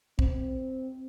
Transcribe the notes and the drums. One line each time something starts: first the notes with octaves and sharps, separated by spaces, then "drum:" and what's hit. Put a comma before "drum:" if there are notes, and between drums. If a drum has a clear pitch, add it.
C4, drum: kick